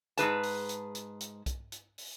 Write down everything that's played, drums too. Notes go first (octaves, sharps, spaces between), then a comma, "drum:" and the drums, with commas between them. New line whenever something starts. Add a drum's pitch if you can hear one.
G#2 G#4 B4 A5, drum: hi-hat
drum: open hi-hat
drum: hi-hat
drum: hi-hat
drum: hi-hat
drum: kick B1, hi-hat
drum: hi-hat
drum: open hi-hat